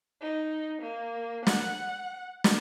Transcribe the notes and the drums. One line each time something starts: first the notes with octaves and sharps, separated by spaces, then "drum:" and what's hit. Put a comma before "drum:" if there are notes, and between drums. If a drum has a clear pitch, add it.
D#4
A#3
F#5, drum: snare
drum: snare